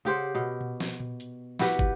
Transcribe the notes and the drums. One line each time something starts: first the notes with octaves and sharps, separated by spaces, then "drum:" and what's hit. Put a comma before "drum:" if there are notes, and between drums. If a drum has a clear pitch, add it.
C#3 G4 C5 F#5
B2
drum: tom A#2
drum: snare
drum: tom A#2
drum: hi-hat
E4 F#4 G4 B4, drum: snare
drum: kick